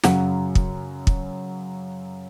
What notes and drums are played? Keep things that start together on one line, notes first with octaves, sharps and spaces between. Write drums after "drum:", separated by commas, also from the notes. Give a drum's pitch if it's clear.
F#2 C#3 F#3 F#5, drum: snare
drum: kick
drum: kick